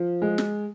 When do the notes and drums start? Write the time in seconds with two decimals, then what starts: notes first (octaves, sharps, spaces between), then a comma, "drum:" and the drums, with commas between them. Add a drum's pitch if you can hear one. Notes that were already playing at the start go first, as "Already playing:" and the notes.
Already playing: F3
0.22 G#3
0.38 drum: snare